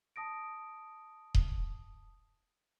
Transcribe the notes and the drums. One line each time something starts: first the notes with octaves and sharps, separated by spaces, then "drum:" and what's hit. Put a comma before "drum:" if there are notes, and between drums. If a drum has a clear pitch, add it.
A5 D#6 A#6 D7
drum: kick D#1